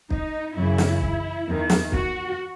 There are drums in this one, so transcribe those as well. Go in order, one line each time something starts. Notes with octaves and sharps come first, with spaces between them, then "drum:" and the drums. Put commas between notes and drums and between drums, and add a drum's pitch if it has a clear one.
D#4, drum: kick
F#2 C#3 E3 E4
drum: snare
drum: kick
E2 D#3
drum: snare
F#4, drum: kick